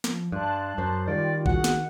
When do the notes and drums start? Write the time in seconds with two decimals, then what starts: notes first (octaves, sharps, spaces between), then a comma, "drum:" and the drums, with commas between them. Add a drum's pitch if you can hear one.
0.04 F3, drum: snare
0.32 G2 A5 C6 F#6
0.78 F#2 C5
1.07 D#3 G3 F4 G4 D5
1.46 F#4 G#4 F#5, drum: kick A#1
1.64 drum: snare